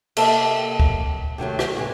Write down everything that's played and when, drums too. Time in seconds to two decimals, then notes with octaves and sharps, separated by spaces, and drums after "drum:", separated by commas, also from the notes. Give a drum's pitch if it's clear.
0.17 C3 A#3 A4 D#5 E5 A5, drum: cymbal
0.80 drum: kick D2
1.38 C3 D#3 F#3 A3
1.59 drum: rim click
1.75 G#2 C3 E3